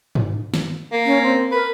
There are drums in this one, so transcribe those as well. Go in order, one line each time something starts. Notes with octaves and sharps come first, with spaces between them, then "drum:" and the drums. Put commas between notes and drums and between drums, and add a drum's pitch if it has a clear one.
drum: tom G2
drum: snare
A#3
C#4
C4
A#4 B4